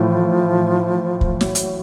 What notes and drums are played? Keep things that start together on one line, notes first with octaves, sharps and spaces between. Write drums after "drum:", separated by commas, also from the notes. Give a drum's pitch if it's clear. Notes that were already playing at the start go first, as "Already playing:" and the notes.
Already playing: A2 E3 F3
drum: kick
F#3, drum: snare
drum: hi-hat